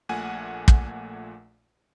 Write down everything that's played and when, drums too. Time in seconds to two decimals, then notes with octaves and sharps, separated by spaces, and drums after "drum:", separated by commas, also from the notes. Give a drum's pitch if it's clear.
0.09 A#1 A#2 A3 F#5 G#5
0.68 drum: kick